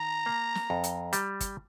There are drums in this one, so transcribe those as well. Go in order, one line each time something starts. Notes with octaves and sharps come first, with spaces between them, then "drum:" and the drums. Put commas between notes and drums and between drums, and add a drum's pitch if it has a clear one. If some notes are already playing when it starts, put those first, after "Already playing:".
Already playing: D#3 A#5
A#3
drum: snare
F2
drum: hi-hat
G3, drum: hi-hat
drum: kick, hi-hat